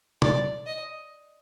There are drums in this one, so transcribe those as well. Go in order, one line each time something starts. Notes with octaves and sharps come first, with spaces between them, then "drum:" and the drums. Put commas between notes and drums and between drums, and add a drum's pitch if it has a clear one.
D5, drum: tom
D#5